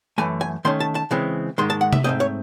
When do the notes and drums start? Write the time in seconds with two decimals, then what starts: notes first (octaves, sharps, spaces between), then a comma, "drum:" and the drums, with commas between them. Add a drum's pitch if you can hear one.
0.18 F#2 E3 A3 G#5
0.41 G#5
0.65 D#3 A3 C#4 C6
0.80 A5
0.95 A5
1.11 C#3 E3 G#3 C4
1.58 G#2 D#3 G#3 C6
1.70 A5
1.81 F#5
1.93 E5, drum: tom C3
2.04 G#2 F#3 A3 C4 D#5
2.20 C#5